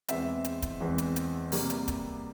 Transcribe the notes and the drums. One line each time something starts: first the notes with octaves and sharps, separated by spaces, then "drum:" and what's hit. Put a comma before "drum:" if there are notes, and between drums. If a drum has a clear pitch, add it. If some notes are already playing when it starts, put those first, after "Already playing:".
E2 E3 G#3 C4 E5, drum: hi-hat
drum: hi-hat
drum: kick, hi-hat
E2 E3 G#3 C4
drum: hi-hat
drum: hi-hat
C3 G3 A#3, drum: open hi-hat
drum: hi-hat
drum: kick, hi-hat